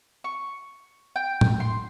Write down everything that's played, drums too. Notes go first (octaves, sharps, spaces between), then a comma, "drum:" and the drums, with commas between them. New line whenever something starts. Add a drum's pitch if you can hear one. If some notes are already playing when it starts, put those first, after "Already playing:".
C#6
G5
drum: tom A2
C6